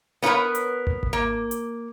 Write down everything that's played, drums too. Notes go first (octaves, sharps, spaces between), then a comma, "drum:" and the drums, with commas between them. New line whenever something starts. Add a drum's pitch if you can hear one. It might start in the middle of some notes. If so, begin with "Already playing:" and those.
B3 C#4 F4 A#4 B4 C#5
drum: hi-hat
drum: tom D2
drum: kick G#1
A#3
drum: hi-hat